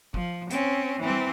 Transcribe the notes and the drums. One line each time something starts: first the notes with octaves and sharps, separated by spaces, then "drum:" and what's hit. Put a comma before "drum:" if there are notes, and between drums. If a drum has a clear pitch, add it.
F3, drum: kick
C4 C#4, drum: hi-hat
E3 C4
drum: tom